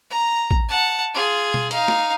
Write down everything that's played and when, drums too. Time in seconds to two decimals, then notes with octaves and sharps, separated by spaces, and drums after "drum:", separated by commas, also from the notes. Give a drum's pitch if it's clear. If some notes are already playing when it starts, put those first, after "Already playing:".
0.10 A#5
0.51 drum: kick
0.69 F#5 A5
1.14 F4 G#4
1.54 drum: tom B2
1.71 D#4 F5, drum: hi-hat
1.88 drum: snare